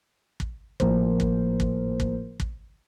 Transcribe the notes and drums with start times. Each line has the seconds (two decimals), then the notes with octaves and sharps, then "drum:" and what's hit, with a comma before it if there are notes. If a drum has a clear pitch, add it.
0.40 drum: kick
0.80 G#1 A2 F3 A#3 A#4 C5, drum: kick
1.20 drum: kick
1.60 drum: kick
2.00 drum: kick
2.40 drum: kick